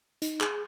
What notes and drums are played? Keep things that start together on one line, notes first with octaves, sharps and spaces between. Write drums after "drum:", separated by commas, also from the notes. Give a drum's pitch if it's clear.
D#4, drum: hi-hat
G#4, drum: clap